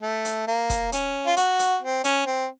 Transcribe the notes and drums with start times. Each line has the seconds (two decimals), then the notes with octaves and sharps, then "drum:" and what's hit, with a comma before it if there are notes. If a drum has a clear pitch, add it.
0.02 A3
0.25 drum: hi-hat
0.48 A#3
0.70 drum: kick, hi-hat
0.92 C#4, drum: hi-hat
1.26 F4
1.37 F#4, drum: hi-hat
1.59 drum: hi-hat
1.82 C4
2.04 C#4, drum: hi-hat
2.26 C4